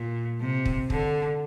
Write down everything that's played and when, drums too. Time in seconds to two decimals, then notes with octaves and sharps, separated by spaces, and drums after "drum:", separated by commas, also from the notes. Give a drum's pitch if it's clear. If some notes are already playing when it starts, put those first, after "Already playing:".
Already playing: A#2
0.41 C3
0.65 drum: kick
0.90 D3, drum: kick